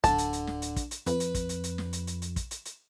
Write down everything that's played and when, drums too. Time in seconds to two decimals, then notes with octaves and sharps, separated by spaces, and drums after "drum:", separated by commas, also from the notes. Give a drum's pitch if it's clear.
0.04 D1 D3 A5, drum: kick, hi-hat
0.18 drum: hi-hat
0.33 drum: hi-hat
0.47 drum: snare
0.62 drum: hi-hat
0.76 drum: kick, hi-hat
0.91 drum: hi-hat
1.07 F2 B4, drum: hi-hat
1.20 drum: hi-hat
1.35 drum: kick, hi-hat
1.49 drum: hi-hat
1.64 drum: hi-hat
1.78 drum: snare
1.93 drum: hi-hat
2.07 drum: hi-hat
2.22 drum: hi-hat
2.36 drum: kick, hi-hat
2.51 drum: hi-hat
2.65 drum: hi-hat